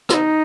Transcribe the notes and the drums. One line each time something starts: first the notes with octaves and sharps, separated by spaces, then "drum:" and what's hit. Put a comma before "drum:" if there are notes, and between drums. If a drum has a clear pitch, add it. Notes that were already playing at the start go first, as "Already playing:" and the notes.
F4, drum: rim click
D#4